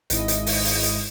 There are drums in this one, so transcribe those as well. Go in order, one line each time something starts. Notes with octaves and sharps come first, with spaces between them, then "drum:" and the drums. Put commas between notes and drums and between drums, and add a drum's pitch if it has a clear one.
G#1 G#2 E4 D#5, drum: hi-hat
drum: hi-hat
drum: open hi-hat
drum: open hi-hat
drum: hi-hat